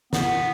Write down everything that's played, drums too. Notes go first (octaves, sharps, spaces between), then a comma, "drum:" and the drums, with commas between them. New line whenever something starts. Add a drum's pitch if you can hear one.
B3, drum: snare